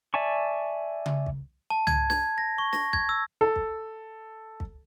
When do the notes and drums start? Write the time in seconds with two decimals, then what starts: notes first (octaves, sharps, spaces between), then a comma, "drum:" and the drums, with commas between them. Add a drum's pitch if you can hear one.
0.14 D5 E5 G#5 A5 C#6
1.06 drum: tom C#3
1.26 drum: kick
1.70 A5
1.87 G#6, drum: tom
2.10 G#6, drum: snare
2.38 A#6
2.58 C#6
2.73 A#6, drum: snare
2.93 G#6, drum: kick
3.09 E6
3.41 A4
3.56 drum: kick
4.60 drum: kick